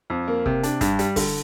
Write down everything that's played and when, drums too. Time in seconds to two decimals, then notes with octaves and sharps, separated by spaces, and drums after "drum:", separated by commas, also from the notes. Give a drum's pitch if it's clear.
0.10 F2
0.28 A#3
0.46 C3, drum: kick
0.63 D4, drum: hi-hat
0.81 G2, drum: kick, hi-hat
0.99 G3, drum: hi-hat
1.16 D3, drum: kick, open hi-hat